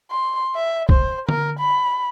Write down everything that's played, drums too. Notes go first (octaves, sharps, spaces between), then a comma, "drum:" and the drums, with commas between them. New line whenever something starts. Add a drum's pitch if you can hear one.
C6
E5
C5, drum: kick
A#4, drum: tom D3
B5